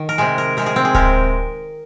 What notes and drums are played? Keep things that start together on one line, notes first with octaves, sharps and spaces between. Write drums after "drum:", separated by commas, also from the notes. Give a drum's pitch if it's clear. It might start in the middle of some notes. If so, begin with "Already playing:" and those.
Already playing: D#3
A#4
C3 G#3 G#4
A#4
C3 G#3 A#4
G#4
C4
G#4
C3 G#3 A#4, drum: kick D1